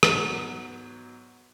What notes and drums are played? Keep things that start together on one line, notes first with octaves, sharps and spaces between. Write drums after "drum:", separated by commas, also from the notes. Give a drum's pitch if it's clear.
G#2 F#3 B3 F#4 C#5, drum: rim click